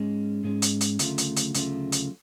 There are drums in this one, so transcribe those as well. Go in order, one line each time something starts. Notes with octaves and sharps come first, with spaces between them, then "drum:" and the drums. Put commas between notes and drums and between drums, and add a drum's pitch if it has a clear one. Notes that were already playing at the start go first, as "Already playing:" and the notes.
Already playing: G#2 G#3 C#4
G#2 G#3 C#4
drum: hi-hat
drum: hi-hat
D2 C#3 F#3 A3 F4, drum: hi-hat
drum: hi-hat
drum: hi-hat
D2 C#3 F#3 A3 F4, drum: hi-hat
drum: hi-hat